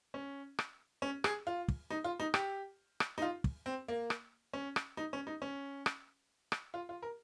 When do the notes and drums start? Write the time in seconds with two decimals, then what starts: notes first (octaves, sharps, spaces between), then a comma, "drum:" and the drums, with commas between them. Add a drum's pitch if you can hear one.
0.14 C#4
0.59 drum: rim click
1.02 C#4
1.24 G#4, drum: rim click
1.47 F4
1.68 drum: kick
1.91 D#4
2.04 F4
2.20 D#4
2.34 G4, drum: rim click
3.00 drum: rim click
3.18 D#4
3.22 F4
3.44 drum: kick
3.66 C4
3.88 A#3
4.10 drum: rim click
4.53 C#4
4.76 drum: rim click
4.97 D#4
5.13 C#4
5.27 D#4
5.42 C#4
5.86 drum: rim click
6.52 drum: rim click
6.74 F4
6.89 F4
7.02 A#4